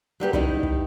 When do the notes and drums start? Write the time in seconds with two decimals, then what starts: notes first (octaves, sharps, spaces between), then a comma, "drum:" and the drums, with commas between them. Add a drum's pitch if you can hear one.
0.20 F#3 G3 G4 B4
0.33 D#3 G3 D#4 E4, drum: kick
0.63 drum: kick